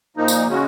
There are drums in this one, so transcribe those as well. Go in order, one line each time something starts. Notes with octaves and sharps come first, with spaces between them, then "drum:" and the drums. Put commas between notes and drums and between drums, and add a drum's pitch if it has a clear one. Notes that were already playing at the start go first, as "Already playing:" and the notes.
A#2 F3 A#3 D#4
drum: tambourine
C#3 G#3 C#4 F#4